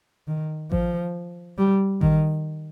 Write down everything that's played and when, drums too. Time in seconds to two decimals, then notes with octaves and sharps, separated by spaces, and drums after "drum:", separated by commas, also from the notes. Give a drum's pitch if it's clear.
0.28 D#3
0.72 F3, drum: kick A1
1.58 G3
2.01 D#3, drum: kick A1